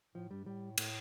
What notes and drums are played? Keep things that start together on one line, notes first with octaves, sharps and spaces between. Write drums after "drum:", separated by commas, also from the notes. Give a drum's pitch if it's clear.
A2 F3
G2 G3
A2 G3
A2 A3, drum: cymbal